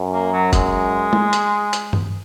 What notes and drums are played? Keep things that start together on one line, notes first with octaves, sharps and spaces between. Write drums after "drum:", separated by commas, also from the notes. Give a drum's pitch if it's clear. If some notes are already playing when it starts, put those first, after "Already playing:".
Already playing: F#2
A#3
F#3
G#3, drum: kick, hi-hat
drum: tom G#3
drum: hi-hat
drum: hi-hat
drum: tom G2